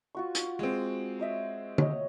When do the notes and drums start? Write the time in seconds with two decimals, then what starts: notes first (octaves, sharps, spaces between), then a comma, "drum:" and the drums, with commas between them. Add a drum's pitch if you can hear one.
0.15 F4 F#4 C#6
0.35 drum: hi-hat
0.59 G#3 C4
1.19 C5 D#5 E5
1.78 C#5 D#5, drum: tom